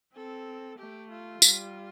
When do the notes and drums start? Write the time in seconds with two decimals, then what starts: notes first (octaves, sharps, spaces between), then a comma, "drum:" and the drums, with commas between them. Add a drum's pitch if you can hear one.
0.15 C4 A4
0.78 A3 G4
1.10 F4
1.42 G3, drum: tambourine